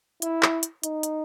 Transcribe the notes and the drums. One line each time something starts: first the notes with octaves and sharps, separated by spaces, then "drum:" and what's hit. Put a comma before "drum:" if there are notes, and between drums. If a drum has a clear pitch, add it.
E4, drum: hi-hat
drum: clap
drum: hi-hat
D#4, drum: hi-hat
drum: hi-hat